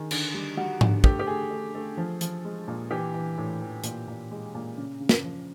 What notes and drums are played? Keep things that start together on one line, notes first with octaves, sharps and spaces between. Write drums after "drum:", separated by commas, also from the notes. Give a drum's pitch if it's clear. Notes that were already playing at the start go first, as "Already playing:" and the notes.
Already playing: D#3 G#4
D3, drum: cymbal
G3
G3 F#4
D3, drum: tom G#2
A3 G4, drum: kick
G4
A3 G#4
A3
A3
F3
F3, drum: hi-hat
G#3
A#2
E3 G4
E3
A2
E3
A#2, drum: hi-hat
A#2
G#3
A#2
C#3
C#3
drum: snare
F3